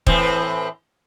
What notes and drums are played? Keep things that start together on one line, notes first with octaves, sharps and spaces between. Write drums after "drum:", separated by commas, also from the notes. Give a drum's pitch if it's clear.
A2 E3 C4, drum: kick